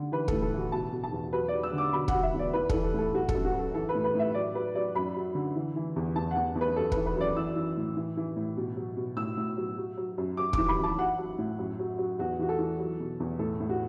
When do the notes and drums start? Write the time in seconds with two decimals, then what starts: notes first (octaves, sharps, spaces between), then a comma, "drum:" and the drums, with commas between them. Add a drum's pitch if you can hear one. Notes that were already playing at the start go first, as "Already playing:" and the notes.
Already playing: D3
0.12 E3 B4
0.28 A2 A4, drum: kick
0.42 A4
0.53 E3 F#4
0.72 B2 A5
0.92 B2
1.03 A5
1.12 E2
1.33 F#3 B4
1.48 D5
1.53 F#3
1.63 E6
1.73 D3
1.78 D6
1.93 B2 B5
2.08 F#5, drum: kick
2.14 F#3
2.23 E5
2.34 E2
2.39 D5
2.53 E3 B4
2.69 E3 A4, drum: kick
2.83 A4
2.94 A2 A4
3.14 F#3 F#4
3.29 A4, drum: kick
3.35 F#2
3.45 F#4
3.54 F#2
3.59 A4
3.74 E3 A4
3.89 B4
3.95 A2
4.04 B4
4.15 A2 E5
4.34 F#3 D5
4.54 F#3 B4
4.75 F#3 D5
4.95 F#2 B5
5.16 F#3
5.35 D3
5.56 E3
5.76 E3
5.96 E2
6.16 E2 A5
6.31 F#5
6.36 E2
6.55 E2
6.61 B4
6.76 F#2 A4
6.92 B4, drum: kick
6.97 E3
7.06 B4
7.17 F#2 D5
7.37 E3 E6
7.56 E3
7.77 A2
7.97 E3
8.17 E3
8.36 A2
8.57 B2
8.77 F#3
8.97 B2
9.17 A2 E6
9.37 A2
9.57 F#3
9.78 F#3
9.97 F#3
10.18 F#2
10.37 F#2 D6
10.53 D6, drum: kick
10.58 E3
10.68 B5
10.79 F#2 A5
10.98 F#3 F#5
11.18 F#3
11.38 A2
11.59 F#2
11.79 F#3
11.98 F#3
12.19 E2 F#4
12.39 E3 F#4
12.49 A4
12.59 E3
12.80 F#3
13.00 B2
13.20 E2
13.39 A2 A4
13.60 A2
13.69 F#4